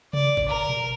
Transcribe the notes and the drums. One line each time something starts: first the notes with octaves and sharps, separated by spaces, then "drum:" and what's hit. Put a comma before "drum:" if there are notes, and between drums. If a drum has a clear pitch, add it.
D5, drum: tom C3
drum: kick G1
A#4
drum: tom A#2